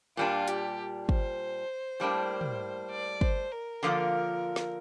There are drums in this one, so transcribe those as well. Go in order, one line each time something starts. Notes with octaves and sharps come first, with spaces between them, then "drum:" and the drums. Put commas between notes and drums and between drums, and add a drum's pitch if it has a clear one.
A#2 G3 D4 F4
G4, drum: hi-hat
C5, drum: kick
A2 G3 A#3 D4
drum: tom
D5
C5, drum: kick
A#4
D3 F3 A#3 F4
drum: snare